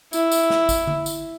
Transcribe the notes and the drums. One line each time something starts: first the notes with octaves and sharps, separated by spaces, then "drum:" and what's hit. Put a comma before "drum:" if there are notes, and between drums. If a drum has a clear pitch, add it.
E4, drum: tambourine
drum: tambourine
drum: snare
drum: kick G#1, tambourine
drum: tom D3
drum: tambourine